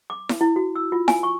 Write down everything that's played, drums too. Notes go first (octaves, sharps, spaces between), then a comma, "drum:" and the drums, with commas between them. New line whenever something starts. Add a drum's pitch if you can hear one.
D6
drum: snare E4
E4
F#4
E6
F4
G#5, drum: snare E4
C#6